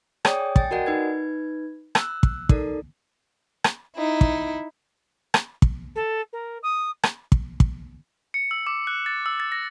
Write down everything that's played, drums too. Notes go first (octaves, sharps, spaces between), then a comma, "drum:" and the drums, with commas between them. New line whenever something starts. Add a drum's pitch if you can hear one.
G#4 C#5 D5 G5 G#5 D#6, drum: rim click
G5 G#5 A6, drum: kick
F#4 A#4 D5 D#5 F#5 G#5
D#4 B4 G#6
E6 F#6, drum: rim click
drum: kick
D#4 A4 A#4 D5, drum: kick
drum: rim click
D#4 E4
drum: kick
drum: rim click
drum: kick
A4
A#4
D#6
drum: rim click
drum: kick
drum: kick
C#7
E6
D6
F#6
A6
E6
A6
A#6